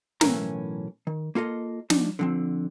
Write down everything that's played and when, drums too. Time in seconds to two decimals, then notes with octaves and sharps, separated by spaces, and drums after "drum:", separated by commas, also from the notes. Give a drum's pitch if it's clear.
0.21 B1 A2 E3 C#4 A#4 A#5, drum: snare
1.07 D#3
1.35 A#3 F4 A4 D#5
1.90 F3 D4 D#4, drum: snare
2.19 D3 F3 C4